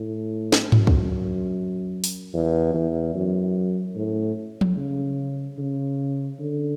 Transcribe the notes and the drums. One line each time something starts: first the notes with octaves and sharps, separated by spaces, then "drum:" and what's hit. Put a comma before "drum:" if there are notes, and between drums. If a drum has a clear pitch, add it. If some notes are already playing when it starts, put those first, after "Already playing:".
Already playing: A2
drum: snare
F#2, drum: tom G#2
drum: kick
drum: open hi-hat
E2
E2
F#2
A2
drum: tom
C#3
C#3
D3